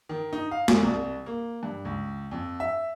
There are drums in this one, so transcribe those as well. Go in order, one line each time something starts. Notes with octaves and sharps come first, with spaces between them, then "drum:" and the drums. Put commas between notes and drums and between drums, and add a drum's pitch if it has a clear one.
D#3
D#4
F5
E2, drum: snare
C2
A#3
G2
C#2
F2
E5